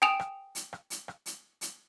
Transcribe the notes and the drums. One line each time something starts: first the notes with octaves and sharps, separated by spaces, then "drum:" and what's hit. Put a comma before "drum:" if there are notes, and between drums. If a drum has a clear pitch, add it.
G5 G#5 D#6 D7 E7 F7
drum: rim click
drum: hi-hat
drum: rim click
drum: hi-hat
drum: rim click
drum: hi-hat
drum: hi-hat